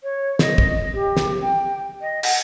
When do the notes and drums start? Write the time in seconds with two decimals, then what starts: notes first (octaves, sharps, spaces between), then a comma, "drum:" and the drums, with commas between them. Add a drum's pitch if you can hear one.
0.03 C#5
0.39 D#5, drum: snare
0.58 drum: kick
0.94 G4
1.17 drum: snare
1.41 G5
2.01 D#5
2.23 F#5, drum: cymbal